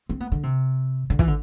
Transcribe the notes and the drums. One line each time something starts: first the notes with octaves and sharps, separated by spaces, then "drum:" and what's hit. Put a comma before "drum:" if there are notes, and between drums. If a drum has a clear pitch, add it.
C4
B3
D3
C3
D3
E3, drum: kick
D3